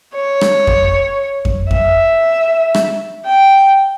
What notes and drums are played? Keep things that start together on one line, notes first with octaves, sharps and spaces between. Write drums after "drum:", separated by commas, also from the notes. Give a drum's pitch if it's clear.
C#5
drum: rim click
drum: kick F2
drum: kick F2
E5, drum: kick F2
drum: rim click
G5